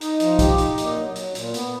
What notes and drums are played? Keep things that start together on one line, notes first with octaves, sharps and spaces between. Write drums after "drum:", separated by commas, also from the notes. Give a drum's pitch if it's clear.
D#4, drum: hi-hat
F3, drum: hi-hat
G4, drum: kick B1, hi-hat
D#4, drum: hi-hat
A#2, drum: hi-hat
F#3
F#3, drum: hi-hat
A#2, drum: hi-hat
B3, drum: hi-hat